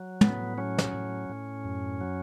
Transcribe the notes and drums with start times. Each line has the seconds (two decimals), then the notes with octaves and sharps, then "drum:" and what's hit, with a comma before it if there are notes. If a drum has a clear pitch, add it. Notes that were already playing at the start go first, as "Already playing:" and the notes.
Already playing: F#3
0.21 A2 B3, drum: tom
0.58 F#3 C#4
0.78 drum: snare
0.93 A2
1.29 A2
1.65 F#2
2.01 F#3